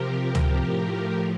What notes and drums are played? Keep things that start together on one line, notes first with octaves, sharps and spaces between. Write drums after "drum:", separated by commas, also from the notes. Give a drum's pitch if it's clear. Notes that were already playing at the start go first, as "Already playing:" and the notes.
Already playing: C3 F3 G4 A#4
drum: tom C#2
A2 F3